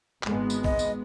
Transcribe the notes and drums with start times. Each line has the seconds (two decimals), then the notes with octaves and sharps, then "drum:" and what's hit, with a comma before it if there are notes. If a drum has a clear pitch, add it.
0.23 G#1 G#3 B3, drum: clap
0.50 drum: tambourine
0.64 D#5, drum: kick A#1
0.79 drum: tambourine